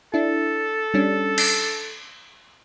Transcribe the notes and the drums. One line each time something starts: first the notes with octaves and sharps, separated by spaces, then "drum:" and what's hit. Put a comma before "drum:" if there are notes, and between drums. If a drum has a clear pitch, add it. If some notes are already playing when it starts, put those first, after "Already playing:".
D4 E4 A4
G3 C#4 D4
drum: cymbal